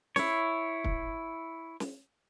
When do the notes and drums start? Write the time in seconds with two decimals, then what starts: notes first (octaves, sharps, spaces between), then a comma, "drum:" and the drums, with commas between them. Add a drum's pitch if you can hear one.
0.16 E4 C#5, drum: snare
0.84 drum: kick
1.80 drum: snare